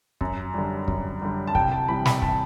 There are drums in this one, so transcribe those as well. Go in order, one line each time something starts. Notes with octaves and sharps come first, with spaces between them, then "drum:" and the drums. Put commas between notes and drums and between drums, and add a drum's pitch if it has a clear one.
F#2, drum: kick
D3 G3
F#2, drum: kick
D3 G3
A5
C2 G5, drum: kick
A5
C3 E3 G3 B5
B5, drum: snare
A5, drum: kick